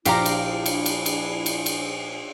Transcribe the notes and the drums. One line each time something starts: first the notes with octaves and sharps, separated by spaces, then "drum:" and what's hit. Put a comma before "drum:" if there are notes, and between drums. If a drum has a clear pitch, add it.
A#1 D4 E4 G4 C5 D5 F5 A#5, drum: cymbal
drum: cymbal
drum: cymbal
drum: cymbal
drum: cymbal
drum: cymbal
drum: cymbal